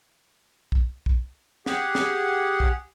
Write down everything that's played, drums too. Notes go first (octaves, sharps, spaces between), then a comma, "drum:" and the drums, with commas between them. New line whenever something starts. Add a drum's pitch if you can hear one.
drum: kick
drum: kick
G4 G#4 F#5, drum: snare
drum: snare
drum: kick